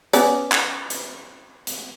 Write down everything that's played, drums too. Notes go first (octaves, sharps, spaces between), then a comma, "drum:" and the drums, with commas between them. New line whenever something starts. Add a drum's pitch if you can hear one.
B3 C#4 D5, drum: hi-hat
drum: clap
drum: hi-hat
drum: hi-hat